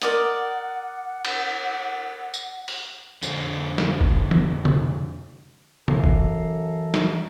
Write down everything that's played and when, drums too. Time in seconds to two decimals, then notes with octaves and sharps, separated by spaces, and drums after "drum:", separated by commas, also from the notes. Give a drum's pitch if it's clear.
0.02 A#4 D5 D#5 F#5, drum: hi-hat
1.25 drum: cymbal
2.34 drum: tambourine
2.68 drum: open hi-hat
3.23 F2 D3 C4, drum: tambourine
3.78 drum: snare
4.01 drum: kick
4.31 drum: tom D#3
4.65 drum: tom C3
5.88 F#2 E3 A4 F5 A#5, drum: tom C3
6.04 drum: kick
6.94 drum: snare